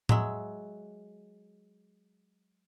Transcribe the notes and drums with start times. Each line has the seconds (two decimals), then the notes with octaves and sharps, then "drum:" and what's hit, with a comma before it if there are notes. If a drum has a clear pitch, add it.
0.09 F#3 G#3 E5, drum: tom A2